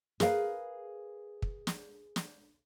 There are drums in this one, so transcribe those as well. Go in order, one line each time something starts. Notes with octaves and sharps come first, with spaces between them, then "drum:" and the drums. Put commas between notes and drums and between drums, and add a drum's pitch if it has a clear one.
G#4 A#4 B4 F5, drum: snare
drum: kick
drum: snare
drum: snare